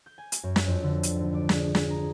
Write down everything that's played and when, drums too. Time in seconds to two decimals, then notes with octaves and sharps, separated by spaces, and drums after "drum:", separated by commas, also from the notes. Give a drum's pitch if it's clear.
0.06 G6
0.18 G#5
0.32 drum: hi-hat
0.43 F#2
0.56 drum: snare
0.67 F2
0.83 D3
1.03 drum: hi-hat
1.16 G#1
1.34 D5
1.49 G#4, drum: snare
1.75 G#4, drum: snare
1.90 A#5